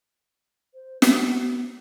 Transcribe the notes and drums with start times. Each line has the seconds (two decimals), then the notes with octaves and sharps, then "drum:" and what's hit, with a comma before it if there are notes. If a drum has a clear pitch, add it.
0.74 C5
1.02 B3, drum: snare